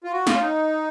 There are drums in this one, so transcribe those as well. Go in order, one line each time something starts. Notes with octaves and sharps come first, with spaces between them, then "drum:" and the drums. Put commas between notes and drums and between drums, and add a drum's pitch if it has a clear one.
F4
F#4
F4, drum: snare
C#4
D#4